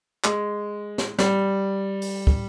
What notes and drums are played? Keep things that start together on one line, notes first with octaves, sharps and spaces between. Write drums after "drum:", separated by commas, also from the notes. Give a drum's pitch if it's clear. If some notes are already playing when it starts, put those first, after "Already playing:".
G#3, drum: clap
drum: snare
G3, drum: snare
drum: open hi-hat
drum: kick